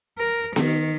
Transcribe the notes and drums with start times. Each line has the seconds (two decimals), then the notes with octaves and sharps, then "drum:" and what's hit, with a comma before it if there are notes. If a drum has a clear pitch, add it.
0.18 A#4
0.56 D#3, drum: snare B3